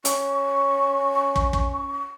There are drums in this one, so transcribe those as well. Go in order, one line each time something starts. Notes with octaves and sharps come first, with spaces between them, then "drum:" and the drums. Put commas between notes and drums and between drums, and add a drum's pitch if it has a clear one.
C#4 C#6, drum: hi-hat
drum: kick
drum: kick